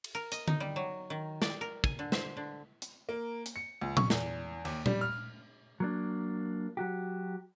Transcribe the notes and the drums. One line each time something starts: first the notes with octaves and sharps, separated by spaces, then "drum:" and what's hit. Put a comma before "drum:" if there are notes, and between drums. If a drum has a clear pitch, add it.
drum: cymbal
A#4
D#5, drum: hi-hat
D#4, drum: tom D3
G3
F#3
D#3
D5, drum: snare
A#4
G#5, drum: kick
D3
C5, drum: snare
D3
drum: hi-hat
A#3
drum: hi-hat
C#7
C#2
C#6, drum: tom A#2
E2, drum: snare
D#2, drum: cymbal
G3, drum: tom A#2
F6
F#3 A#3 D4
F#3 F#4 G4